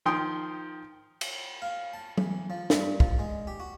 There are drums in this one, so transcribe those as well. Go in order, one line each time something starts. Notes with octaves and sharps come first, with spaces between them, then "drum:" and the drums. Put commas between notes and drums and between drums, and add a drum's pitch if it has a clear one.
D#3 F3 G5 C6 D#6
drum: cymbal
F5
A5
E3, drum: tom F#3
F3
G2, drum: snare
F3, drum: kick
G#3
G4
F#4